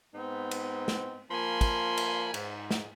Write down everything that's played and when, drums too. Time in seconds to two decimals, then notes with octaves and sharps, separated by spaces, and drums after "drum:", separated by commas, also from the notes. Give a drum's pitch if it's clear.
0.15 G#2 B3 C4 D#4
0.51 drum: cymbal
0.88 drum: snare
1.31 F3 A#3 G#5 B5 C6
1.61 drum: kick, cymbal
1.97 drum: cymbal
2.34 G#2, drum: cymbal
2.71 drum: snare